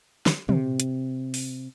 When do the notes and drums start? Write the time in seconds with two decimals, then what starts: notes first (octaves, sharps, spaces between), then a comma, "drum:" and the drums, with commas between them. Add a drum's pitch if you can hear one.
0.26 drum: snare
0.49 C3, drum: tom
0.80 drum: hi-hat
1.34 drum: open hi-hat